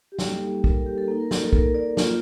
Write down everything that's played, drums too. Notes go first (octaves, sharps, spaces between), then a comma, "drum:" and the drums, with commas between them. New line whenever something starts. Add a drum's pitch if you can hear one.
G4
G3 A#3 D#4 A4, drum: snare
A#4, drum: kick
A4
G4
A4
A#3 D#4
A#4
A4, drum: snare
A4
A#4, drum: kick
D5
A#3 F4, drum: snare